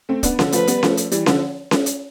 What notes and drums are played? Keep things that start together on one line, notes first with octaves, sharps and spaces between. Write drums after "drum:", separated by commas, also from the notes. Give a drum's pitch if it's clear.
A3 C4
B3 D4, drum: kick, hi-hat
D3 F3, drum: snare C#4
F3 A3 B4, drum: hi-hat
G3 B3, drum: hi-hat
F3 A3, drum: snare C#4
drum: hi-hat
E3 G3, drum: hi-hat
D3 F3, drum: snare C#4
drum: snare C#4
drum: hi-hat